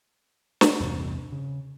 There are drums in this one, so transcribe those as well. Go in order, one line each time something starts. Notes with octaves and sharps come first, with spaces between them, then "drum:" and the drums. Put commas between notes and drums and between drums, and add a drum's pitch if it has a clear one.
drum: snare
A#1 E2 G2 C3
C#3